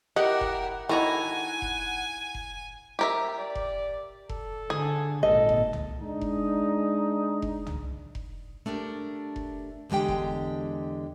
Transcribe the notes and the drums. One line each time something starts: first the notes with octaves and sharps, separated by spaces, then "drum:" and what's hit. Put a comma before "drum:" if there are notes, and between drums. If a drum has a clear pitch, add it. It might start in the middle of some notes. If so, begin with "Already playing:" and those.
E4 G4 A#4 D#5 F#5
drum: kick F1
D#3 E4 F#4 A4 G#5 A#5
drum: kick F1
drum: kick F1
G4 A#4 E5
D5
drum: kick F1
A4, drum: kick F1
D3 G#4
G#1 A#2 A4 D#5
drum: kick F1
drum: tom
G#3 D4 D#4
drum: kick F1
drum: kick F1
drum: tom
drum: kick F1
A3 D4 G4 A#4
drum: kick F1
E2 D3 G#3 G4 G5
drum: kick F1